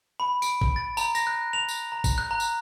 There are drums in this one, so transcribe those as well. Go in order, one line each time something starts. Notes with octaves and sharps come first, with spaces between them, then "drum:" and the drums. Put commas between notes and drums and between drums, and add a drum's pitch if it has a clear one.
B5
D7, drum: tambourine
drum: kick G#1
A6
A#5, drum: tambourine
A#6, drum: tambourine
F#6
F7
drum: tambourine
A#5
drum: kick G#1, tambourine
F#6
A#5
drum: tambourine